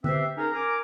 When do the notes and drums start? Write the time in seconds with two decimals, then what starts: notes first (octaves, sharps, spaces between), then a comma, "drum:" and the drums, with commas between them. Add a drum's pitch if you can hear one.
0.04 C4 G4 B4 C5 E5, drum: tom D3
0.37 C#4 D#4 G#4 A#4
0.52 A#4 G#5 A#5 D6